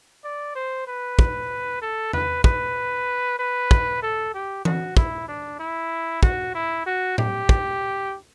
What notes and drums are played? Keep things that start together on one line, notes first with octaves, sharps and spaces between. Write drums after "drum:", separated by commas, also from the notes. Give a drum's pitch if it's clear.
D5
C5
B4
drum: kick
A4
B4, drum: tom E2
B4, drum: kick
B4
drum: kick
A4
G4
F#4, drum: tom E3
E4, drum: kick
D4
E4
F#4, drum: kick
E4
F#4
G4, drum: tom A2
drum: kick